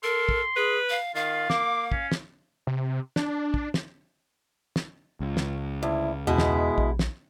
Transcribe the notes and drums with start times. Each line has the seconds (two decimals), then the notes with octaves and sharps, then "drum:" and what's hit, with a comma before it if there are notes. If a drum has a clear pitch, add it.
0.04 A4 A#4 C6
0.29 drum: kick
0.56 G#4 B4
0.90 F5
1.15 D#3 F4 F5
1.50 A#3 D6, drum: snare
1.92 C#4, drum: kick
2.12 drum: snare
2.67 C3
3.16 D4, drum: snare
3.54 drum: kick
3.74 drum: snare
4.76 drum: snare
5.20 C#2
5.37 drum: snare
5.83 D2 E4
6.27 E2 B2 G#3 E4
6.38 drum: snare
6.78 A#1, drum: kick
6.99 drum: snare